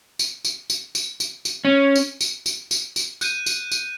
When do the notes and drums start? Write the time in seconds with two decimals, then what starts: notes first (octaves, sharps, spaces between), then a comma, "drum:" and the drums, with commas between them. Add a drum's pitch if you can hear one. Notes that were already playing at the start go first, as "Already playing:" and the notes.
0.19 drum: tambourine
0.45 drum: tambourine
0.70 drum: tambourine
0.95 drum: tambourine
1.20 drum: tambourine
1.45 drum: tambourine
1.65 C#4
1.95 drum: tambourine
2.21 drum: tambourine
2.46 drum: tambourine
2.71 drum: tambourine
2.96 drum: tambourine
3.21 F#6 G6 D#7, drum: tambourine
3.46 drum: tambourine
3.72 drum: tambourine